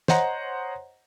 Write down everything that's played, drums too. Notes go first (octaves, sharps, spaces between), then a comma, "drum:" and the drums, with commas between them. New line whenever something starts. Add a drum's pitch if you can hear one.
C5 C#5 D#5 F#5 A#5, drum: snare